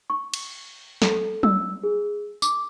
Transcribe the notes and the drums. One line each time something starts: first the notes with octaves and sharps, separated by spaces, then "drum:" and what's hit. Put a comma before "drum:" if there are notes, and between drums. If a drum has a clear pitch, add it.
C#6
drum: cymbal
A4, drum: snare
E6, drum: tom F#3
G#4
D6, drum: tambourine